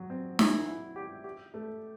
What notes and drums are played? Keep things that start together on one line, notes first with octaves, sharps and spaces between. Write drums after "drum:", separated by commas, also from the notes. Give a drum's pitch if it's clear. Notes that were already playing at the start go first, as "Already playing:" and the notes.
Already playing: F#3
C4
E4, drum: snare
E4
G4
G4
A3